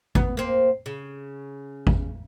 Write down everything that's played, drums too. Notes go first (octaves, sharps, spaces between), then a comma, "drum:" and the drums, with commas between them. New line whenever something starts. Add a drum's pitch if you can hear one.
B3, drum: kick G#1
A#3 C4
C#3
drum: kick G#1